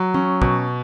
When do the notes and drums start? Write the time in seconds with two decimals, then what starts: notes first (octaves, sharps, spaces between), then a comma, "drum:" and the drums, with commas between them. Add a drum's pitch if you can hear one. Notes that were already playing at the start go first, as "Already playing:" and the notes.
Already playing: F#3
0.14 C#4, drum: tom
0.42 B2, drum: kick